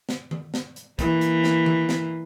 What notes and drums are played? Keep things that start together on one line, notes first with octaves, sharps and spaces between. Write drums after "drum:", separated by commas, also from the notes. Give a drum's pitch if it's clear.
drum: snare
drum: tom D#3
drum: snare
drum: hi-hat
E3 A#3, drum: kick, hi-hat
drum: hi-hat
drum: snare
drum: tom D#3
drum: snare